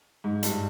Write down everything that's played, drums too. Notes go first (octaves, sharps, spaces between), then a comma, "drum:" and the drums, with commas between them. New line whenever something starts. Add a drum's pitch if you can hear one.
G#2
G2, drum: hi-hat